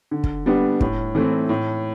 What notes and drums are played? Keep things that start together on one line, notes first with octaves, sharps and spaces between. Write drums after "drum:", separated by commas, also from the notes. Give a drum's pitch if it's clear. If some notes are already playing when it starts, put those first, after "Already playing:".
D3
drum: kick
G3 B3 D4
A2, drum: kick
E3 A3 C4
A2